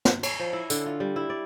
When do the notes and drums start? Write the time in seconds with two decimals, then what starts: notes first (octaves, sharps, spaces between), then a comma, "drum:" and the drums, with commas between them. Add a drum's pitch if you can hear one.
0.05 drum: snare
0.23 C#5, drum: cymbal
0.40 F3
0.53 E4
0.70 D3, drum: tambourine
0.86 F4
1.00 G3
1.16 E4
1.30 D5